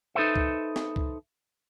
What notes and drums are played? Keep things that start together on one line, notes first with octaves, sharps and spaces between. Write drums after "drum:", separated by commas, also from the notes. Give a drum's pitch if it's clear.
D#4 A4 B4 C5 E5
drum: kick
drum: snare
drum: kick